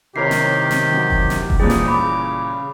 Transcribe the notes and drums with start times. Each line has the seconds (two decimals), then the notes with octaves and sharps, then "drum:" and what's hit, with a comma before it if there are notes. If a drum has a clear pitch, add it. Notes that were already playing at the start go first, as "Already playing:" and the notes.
0.16 C3 D#3 E4 G4 A#4 C#5 C7
0.31 drum: snare
0.71 drum: snare
0.90 E3 F#3
1.10 drum: kick E1
1.30 drum: snare
1.50 drum: kick E1
1.60 E2 A#2 E3 F3 G3 D#4 G#4
1.70 drum: snare
1.88 C#3 B5 D6